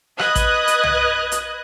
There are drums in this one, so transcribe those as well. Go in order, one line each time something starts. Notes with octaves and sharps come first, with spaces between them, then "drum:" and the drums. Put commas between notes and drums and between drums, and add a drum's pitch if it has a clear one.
B4 D#5 D#6 F#6 G#6, drum: rim click
drum: kick A1, hi-hat
drum: hi-hat
drum: tom
drum: hi-hat